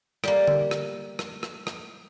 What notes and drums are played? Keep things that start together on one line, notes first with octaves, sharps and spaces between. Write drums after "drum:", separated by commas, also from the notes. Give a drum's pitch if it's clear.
G3 A#3, drum: rim click
drum: tom D3
drum: rim click
drum: rim click
drum: rim click
drum: rim click